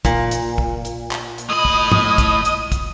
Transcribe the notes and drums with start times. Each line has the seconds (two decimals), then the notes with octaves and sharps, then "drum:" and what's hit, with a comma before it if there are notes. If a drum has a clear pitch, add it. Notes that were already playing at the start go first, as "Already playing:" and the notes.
0.05 A#2, drum: kick, hi-hat
0.31 drum: hi-hat
0.58 drum: kick
0.85 drum: hi-hat
1.11 drum: clap
1.38 drum: hi-hat
1.49 A2 D#5 B5 D#6
1.65 drum: kick
1.92 drum: tom
2.18 drum: kick, hi-hat
2.45 drum: hi-hat
2.72 drum: kick, hi-hat